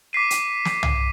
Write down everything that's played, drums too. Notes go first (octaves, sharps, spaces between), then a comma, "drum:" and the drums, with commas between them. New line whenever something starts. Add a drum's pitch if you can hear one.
D6 B6 C7 D#7
drum: hi-hat
drum: snare
drum: tom C2